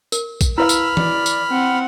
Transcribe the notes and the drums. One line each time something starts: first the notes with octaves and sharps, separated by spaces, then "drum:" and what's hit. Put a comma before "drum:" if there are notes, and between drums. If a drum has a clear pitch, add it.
A#4, drum: tambourine
drum: kick A#1, tambourine
E4 B4 F5 B5 E6 F6
drum: tambourine
D5, drum: tom
drum: tambourine
C4 F#5